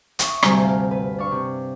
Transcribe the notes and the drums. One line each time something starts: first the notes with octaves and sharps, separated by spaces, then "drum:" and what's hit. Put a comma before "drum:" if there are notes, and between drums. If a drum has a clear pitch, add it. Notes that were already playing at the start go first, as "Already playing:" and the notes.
E5 C6 C#6 D#6, drum: hi-hat
D2 G2 C3 G3 G#5 A#5, drum: rim click
F5
B4
D4 F5 C#6
C3